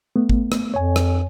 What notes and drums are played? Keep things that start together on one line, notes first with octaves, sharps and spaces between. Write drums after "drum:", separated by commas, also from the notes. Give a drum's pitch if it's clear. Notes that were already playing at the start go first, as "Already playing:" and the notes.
A3 B3
drum: kick G#1
drum: rim click
F2 C#5 G#5
drum: rim click